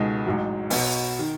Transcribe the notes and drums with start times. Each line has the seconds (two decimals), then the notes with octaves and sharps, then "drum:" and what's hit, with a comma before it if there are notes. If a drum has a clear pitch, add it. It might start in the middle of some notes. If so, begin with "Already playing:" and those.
Already playing: C#2 B2 G#3 D#4 A4
0.26 A1 G#2 F#3
0.70 B1 B2 F#3 B3, drum: open hi-hat
1.19 D#3